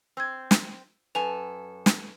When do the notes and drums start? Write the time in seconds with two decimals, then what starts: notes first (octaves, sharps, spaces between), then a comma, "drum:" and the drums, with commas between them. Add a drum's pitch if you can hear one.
0.17 C4 E6 G#6
0.51 drum: snare
1.15 F#2 A4 B4 G#5 F7
1.86 drum: snare